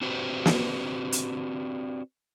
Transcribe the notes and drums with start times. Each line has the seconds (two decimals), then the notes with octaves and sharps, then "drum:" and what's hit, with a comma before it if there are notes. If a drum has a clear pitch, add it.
0.02 C4 D4 F#4 G4 B4 C5
0.45 drum: snare
1.12 drum: hi-hat